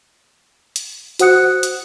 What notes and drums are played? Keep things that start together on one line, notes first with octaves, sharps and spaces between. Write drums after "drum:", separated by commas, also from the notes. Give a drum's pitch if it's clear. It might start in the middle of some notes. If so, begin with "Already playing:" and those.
drum: hi-hat
F#4 C5 F#5 D#6 F#6 C#7, drum: hi-hat
drum: hi-hat